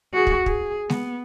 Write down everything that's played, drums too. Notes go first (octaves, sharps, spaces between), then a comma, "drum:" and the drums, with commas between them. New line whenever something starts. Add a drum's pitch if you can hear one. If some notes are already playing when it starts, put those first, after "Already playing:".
F#4 G#4
drum: kick
G#4, drum: kick
B3, drum: snare